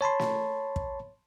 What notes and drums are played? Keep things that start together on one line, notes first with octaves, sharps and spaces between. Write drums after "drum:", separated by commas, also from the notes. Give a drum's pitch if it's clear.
C#5 A5 B5 C6
drum: snare
drum: kick